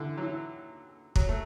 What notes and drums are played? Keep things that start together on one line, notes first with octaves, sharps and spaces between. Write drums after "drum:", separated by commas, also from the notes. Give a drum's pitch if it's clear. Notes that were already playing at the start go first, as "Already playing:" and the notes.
Already playing: D3 E3
F#3
E3
F#3, drum: kick
A3